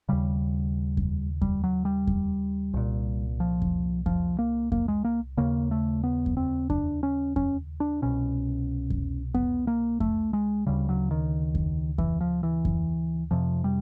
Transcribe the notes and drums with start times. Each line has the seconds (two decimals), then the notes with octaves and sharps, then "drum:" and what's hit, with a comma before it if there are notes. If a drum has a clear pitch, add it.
0.09 D#2 C#3 G3
0.97 drum: kick F2
1.42 G3, drum: kick F2
1.64 F#3
1.85 G3
2.07 drum: kick F2
2.74 C2 A#2
3.40 F3
3.62 drum: kick F2
4.06 F3, drum: kick F2
4.39 A#3
4.72 A#3, drum: kick F2
4.88 G#3
5.04 A#3
5.37 D#2 C#3 A#3
5.71 A3
6.04 B3
6.26 drum: kick F2
6.37 C4
6.70 D4, drum: kick F2
7.03 C#4
7.36 C#4, drum: kick F2
7.80 D4
8.02 C2 B2 C#4
8.90 drum: kick F2
9.34 B3, drum: kick F2
9.67 A#3
10.00 A3, drum: kick F2
10.33 G#3
10.67 D2 C#3 G3
10.89 F#3
11.11 D#3
11.55 drum: kick F2
11.98 E3, drum: kick F2
12.21 F3
12.43 E3
12.65 drum: kick F2
13.31 F2 C3 F3
13.64 G3